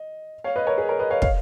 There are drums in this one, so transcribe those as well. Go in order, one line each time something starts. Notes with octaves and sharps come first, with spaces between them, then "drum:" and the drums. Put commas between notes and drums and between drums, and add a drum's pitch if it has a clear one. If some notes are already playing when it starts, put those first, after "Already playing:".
Already playing: D#5
C#5 F5
B4 D#5
A#4 C#5
G#4 B4
A#4 C#5
B4 D#5
C#5 F5
C#5 F5, drum: kick